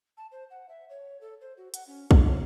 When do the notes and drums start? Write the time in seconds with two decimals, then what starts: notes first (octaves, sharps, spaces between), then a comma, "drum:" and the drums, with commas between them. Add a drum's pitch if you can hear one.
0.17 A5
0.32 C5
0.50 F#5
0.69 E5
0.90 C#5
1.21 A4
1.41 C5
1.58 F#4
1.74 F#5, drum: hi-hat
1.87 C#4
2.11 G4, drum: kick
2.26 C#5